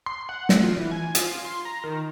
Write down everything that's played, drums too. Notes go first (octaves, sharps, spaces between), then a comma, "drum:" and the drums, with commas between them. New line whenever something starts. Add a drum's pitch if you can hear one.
C6
F#5
A3, drum: snare
F4
E3
G#5
F4, drum: hi-hat
C6
A#5
D#3